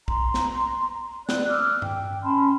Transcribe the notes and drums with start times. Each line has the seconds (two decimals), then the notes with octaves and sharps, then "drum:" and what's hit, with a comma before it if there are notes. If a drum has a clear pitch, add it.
0.08 A#5 C6, drum: kick
0.34 drum: snare
1.29 D5 F#6, drum: snare
1.48 D6 E6 F6
1.82 G5, drum: tom G2
2.24 C#4 A5 B5 C6